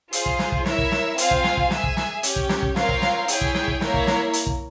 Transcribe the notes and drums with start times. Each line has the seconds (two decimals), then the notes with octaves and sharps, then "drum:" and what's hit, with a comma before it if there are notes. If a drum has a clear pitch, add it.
0.13 F4 G#4 C5, drum: hi-hat
0.26 drum: kick
0.39 drum: snare
0.52 drum: kick
0.66 E4 A#4 C#5 E5, drum: snare
0.78 drum: kick
0.92 drum: snare
1.18 C4 F4 C5 F5 G#5, drum: hi-hat
1.31 drum: kick
1.44 drum: snare
1.57 drum: kick
1.71 G#4 E5 G#5, drum: snare
1.84 drum: kick
1.97 drum: snare
2.23 C#4 G4 C#5, drum: hi-hat
2.36 drum: kick
2.49 drum: snare
2.62 drum: kick
2.76 C4 F4 A#4 C#5 F5, drum: snare
2.89 drum: kick
3.02 drum: snare
3.28 E4 G#4 C#5 G5, drum: hi-hat
3.41 drum: kick
3.54 drum: snare
3.68 drum: kick
3.81 A#3 E4 A#4 C#5, drum: snare
3.94 drum: kick
4.07 drum: snare
4.33 drum: hi-hat
4.47 drum: kick